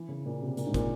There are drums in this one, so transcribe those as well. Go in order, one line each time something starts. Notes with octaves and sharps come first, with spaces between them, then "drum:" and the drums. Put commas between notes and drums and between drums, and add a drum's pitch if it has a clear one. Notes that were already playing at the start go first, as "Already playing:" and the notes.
Already playing: E3
C#3
A#2
C3
A#2, drum: hi-hat
G#2
A#2, drum: kick, hi-hat